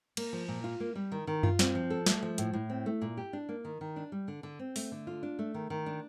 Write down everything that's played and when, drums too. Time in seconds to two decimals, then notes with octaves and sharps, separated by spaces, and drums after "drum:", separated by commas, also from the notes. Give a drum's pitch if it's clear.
0.17 A#3, drum: cymbal
0.33 F3
0.48 A#2
0.64 F4
0.80 A#3
0.95 G3
1.12 D#3
1.27 D#3
1.43 F4, drum: tom F#2
1.59 C4, drum: snare
1.75 F3
1.90 A4
2.06 A3, drum: snare
2.23 F3
2.38 A2, drum: hi-hat
2.53 A2
2.70 C4
2.86 A3
3.02 A#2
3.17 G4
3.33 D4
3.49 A#3
3.65 D#3
3.81 D#3
3.96 D4
4.12 G3
4.28 D3
4.43 D3
4.59 C4
4.76 A3, drum: open hi-hat
4.92 D3
5.07 F4
5.23 D4
5.39 A3
5.54 D#3
5.70 D#3
5.86 D4